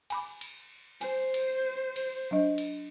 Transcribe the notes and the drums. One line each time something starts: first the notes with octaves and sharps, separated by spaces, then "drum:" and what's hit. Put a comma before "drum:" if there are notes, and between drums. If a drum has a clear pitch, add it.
G#5 B5 D6, drum: cymbal
drum: cymbal
C5 G#5, drum: cymbal
drum: cymbal
drum: cymbal
F#3 D4 D#5
drum: cymbal